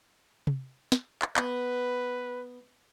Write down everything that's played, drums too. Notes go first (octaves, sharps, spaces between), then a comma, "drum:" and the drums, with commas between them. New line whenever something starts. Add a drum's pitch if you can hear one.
drum: tom C3
drum: snare
drum: clap
B3 B4, drum: clap